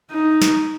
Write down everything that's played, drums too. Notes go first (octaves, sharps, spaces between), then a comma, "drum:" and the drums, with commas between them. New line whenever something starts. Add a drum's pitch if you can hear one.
D#4
drum: snare